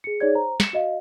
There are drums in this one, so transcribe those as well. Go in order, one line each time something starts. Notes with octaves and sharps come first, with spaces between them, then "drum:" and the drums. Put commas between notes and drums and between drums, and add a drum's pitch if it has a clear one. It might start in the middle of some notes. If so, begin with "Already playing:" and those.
G#4 C#7
D#4 G#4 C#5 D5 G#6
C5 A#5
C#7 E7, drum: snare
F#4 D#5 F5